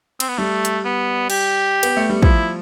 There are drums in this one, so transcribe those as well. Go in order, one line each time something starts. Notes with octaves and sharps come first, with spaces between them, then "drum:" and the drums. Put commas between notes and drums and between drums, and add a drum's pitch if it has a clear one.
C4, drum: cymbal
B3
G3 A3
drum: hi-hat
B3
G4, drum: cymbal
B3, drum: cymbal
A3
G3
F3 E4, drum: kick